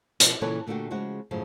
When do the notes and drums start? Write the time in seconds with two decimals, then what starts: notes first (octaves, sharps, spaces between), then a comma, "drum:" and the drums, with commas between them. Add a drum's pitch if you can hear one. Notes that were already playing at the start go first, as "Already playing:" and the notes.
0.20 B2 F3, drum: hi-hat
0.41 A#2 C#3 E3 A4 B4 C#5
0.67 A#2 D3 A3 D4 F#4 G4
0.91 C#3 F3 G#3 F#4
1.31 F#2 A2 C#3 F3